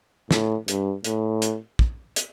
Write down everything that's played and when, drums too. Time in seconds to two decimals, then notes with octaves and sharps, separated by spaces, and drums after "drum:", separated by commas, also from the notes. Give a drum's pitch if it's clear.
0.31 A2, drum: snare
0.68 G2, drum: hi-hat
1.04 A2, drum: hi-hat
1.42 drum: hi-hat
1.79 drum: kick
2.16 drum: hi-hat